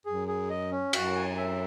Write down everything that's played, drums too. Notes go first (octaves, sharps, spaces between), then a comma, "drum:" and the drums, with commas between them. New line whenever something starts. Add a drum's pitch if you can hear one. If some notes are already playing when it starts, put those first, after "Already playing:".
F#2 G#4
G#4
D#5
C#4
F#2 F#4, drum: cymbal
G#5
E5